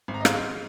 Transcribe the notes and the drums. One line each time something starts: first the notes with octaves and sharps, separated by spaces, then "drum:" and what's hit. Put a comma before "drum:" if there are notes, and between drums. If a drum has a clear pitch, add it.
G#1
A#5
D#5
G#2 F5, drum: rim click